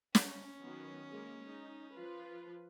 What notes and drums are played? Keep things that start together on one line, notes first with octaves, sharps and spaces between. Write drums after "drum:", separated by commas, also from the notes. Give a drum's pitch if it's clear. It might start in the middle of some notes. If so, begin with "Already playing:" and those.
C#4, drum: snare
D#3 F#3 B3
G#3 A#3
D#4
F3 F4 B4